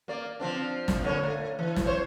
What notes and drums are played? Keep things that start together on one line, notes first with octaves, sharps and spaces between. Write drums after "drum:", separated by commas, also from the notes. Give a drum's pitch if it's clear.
A#3 D5
F3 C4 D4
drum: snare
A#2 D3 C#5
A3
E3
drum: snare
C5 C#5